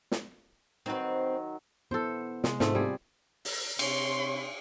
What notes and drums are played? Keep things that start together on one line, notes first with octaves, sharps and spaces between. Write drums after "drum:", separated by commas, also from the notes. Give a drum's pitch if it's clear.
drum: snare
D#3 F#3 C4 B4
B3 E4 A4 C5
C3 G#3, drum: snare
G#2 A3 C4 F4, drum: snare
G3 C4 G4 G#4
drum: open hi-hat
C3 C#5 C6, drum: cymbal